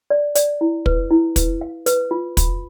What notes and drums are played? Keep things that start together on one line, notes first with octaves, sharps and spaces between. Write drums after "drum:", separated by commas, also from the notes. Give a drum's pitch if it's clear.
D5
D5, drum: hi-hat
E4
B4, drum: kick
E4
B4, drum: kick, hi-hat
F5
B4, drum: hi-hat
F4
B5, drum: kick, hi-hat